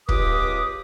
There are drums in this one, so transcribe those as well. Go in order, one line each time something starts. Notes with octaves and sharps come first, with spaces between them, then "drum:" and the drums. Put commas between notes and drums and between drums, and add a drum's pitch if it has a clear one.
C#2 F4 G4 B4 D6 D#6, drum: kick